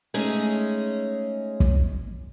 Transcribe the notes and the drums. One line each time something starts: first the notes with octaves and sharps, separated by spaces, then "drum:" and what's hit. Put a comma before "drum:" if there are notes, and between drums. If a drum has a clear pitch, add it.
G#3 A3 C#4 D#4 G#4
drum: kick